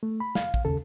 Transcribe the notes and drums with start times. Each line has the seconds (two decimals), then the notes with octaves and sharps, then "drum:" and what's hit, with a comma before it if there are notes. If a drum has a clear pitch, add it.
0.03 A3
0.20 B5
0.35 F5, drum: snare
0.54 drum: kick
0.65 D#2 C#3 A4